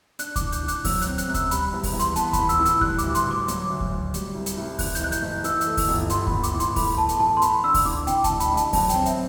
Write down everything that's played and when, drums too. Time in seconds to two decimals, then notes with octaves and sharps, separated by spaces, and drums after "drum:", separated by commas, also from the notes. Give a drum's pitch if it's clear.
0.19 D4 F#6, drum: hi-hat
0.36 A2 D6, drum: kick D2, hi-hat
0.52 G6, drum: hi-hat
0.63 A2
0.68 F#6, drum: hi-hat
0.85 F#3 E6, drum: kick D2, open hi-hat
1.02 C4 F#6, drum: hi-hat
1.18 F#6, drum: hi-hat
1.28 F#2 F#6
1.34 E6, drum: kick D2, hi-hat
1.51 G3 B5, drum: hi-hat
1.73 E2
1.83 drum: kick D2, open hi-hat
1.94 E2
2.00 C6, drum: hi-hat
2.16 B3 A5, drum: hi-hat
2.33 B5, drum: kick D2, hi-hat
2.39 A2
2.49 E6, drum: hi-hat
2.59 A2
2.66 E6, drum: hi-hat
2.81 G3 F#6, drum: kick D2
2.98 D6, drum: hi-hat
3.03 D2
3.15 C6, drum: hi-hat
3.26 D2 D6
3.48 F#3, drum: hi-hat
3.70 D2
3.80 drum: kick D2
3.91 D2
4.14 G3, drum: hi-hat
4.35 C2
4.46 drum: hi-hat
4.58 C2
4.79 E3 F#6, drum: kick D2, open hi-hat
4.95 G6, drum: hi-hat
5.01 F#1 F#6
5.12 G6, drum: hi-hat
5.22 F#1
5.44 E3 E6, drum: hi-hat
5.61 E6, drum: hi-hat
5.67 A3
5.77 E6, drum: kick D2, open hi-hat
5.88 G1
6.10 B3 C6, drum: hi-hat
6.27 B5, drum: kick D2
6.32 A2
6.43 D6, drum: hi-hat
6.54 A2
6.60 C6, drum: hi-hat
6.76 A3 B5, drum: kick D2, open hi-hat
6.97 E2 A5
7.09 drum: hi-hat
7.20 E2 A5
7.37 C6
7.42 B3 B5, drum: hi-hat
7.64 D4 E6
7.74 drum: kick D2, open hi-hat
7.85 A2 D6
8.07 D3 G5, drum: hi-hat
8.24 A5, drum: kick D2, hi-hat
8.30 A1
8.40 B5, drum: hi-hat
8.51 A1
8.57 A5, drum: hi-hat
8.73 F#3 A5, drum: kick D2, open hi-hat
8.89 C4 G5, drum: hi-hat
9.06 E5, drum: hi-hat